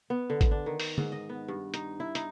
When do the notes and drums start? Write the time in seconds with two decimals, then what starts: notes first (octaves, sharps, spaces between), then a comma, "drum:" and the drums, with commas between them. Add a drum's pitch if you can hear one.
0.10 B3
0.30 D3
0.41 drum: kick A1, hi-hat
0.51 D4
0.66 D#3
0.80 drum: open hi-hat
0.98 G#2, drum: tom D3
1.12 D#5
1.29 B3
1.48 G2
1.74 D#4, drum: hi-hat
2.00 E4
2.15 D#4, drum: hi-hat